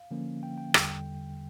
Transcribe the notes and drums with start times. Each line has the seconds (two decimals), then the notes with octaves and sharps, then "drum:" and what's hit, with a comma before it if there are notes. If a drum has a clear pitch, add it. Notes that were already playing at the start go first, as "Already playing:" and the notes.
Already playing: F5
0.11 D3 F3 A#3 C#4
0.43 G5
0.58 G5
0.74 E2 D3 G3 G5, drum: rim click